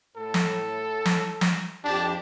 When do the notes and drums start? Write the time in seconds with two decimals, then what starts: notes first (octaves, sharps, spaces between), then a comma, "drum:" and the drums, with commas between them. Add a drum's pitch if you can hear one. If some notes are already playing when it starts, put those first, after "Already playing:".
0.16 A2 A4
0.34 drum: snare
1.06 drum: snare
1.41 drum: snare
1.84 F2 D4 G4 A5